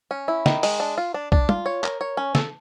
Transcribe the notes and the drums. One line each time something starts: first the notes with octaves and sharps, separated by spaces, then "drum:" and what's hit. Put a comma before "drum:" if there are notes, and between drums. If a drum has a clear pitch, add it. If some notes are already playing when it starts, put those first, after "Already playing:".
C#4
E4
D#3, drum: snare
G#3, drum: open hi-hat
D4
F4
D4
D4, drum: kick
F4, drum: tom
C#5
A#4, drum: clap
C#5
C#4
A4, drum: snare